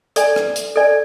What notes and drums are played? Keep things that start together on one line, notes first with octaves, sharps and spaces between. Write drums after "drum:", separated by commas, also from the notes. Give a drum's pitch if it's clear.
A4 D5 G#5, drum: hi-hat
drum: rim click
drum: hi-hat
A4 D5 G#5